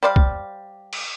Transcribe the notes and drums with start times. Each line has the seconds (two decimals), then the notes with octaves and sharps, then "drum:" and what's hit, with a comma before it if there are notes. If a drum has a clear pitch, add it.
0.03 G3 C5 D5 F5
0.16 drum: kick
0.93 drum: cymbal